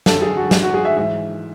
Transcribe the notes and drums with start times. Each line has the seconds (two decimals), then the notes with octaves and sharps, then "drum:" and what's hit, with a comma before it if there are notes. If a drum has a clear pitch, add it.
0.06 F#2 D3 F#3 A4, drum: snare
0.22 G#4
0.36 F#4
0.51 G#2 F#3, drum: snare
0.63 F#4
0.74 G#4
0.85 E5
0.96 G#2 E3 E5